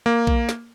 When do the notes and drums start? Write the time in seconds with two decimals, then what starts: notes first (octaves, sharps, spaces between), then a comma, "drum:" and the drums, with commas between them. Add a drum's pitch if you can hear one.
0.06 A#3
0.27 drum: kick A#1
0.49 drum: snare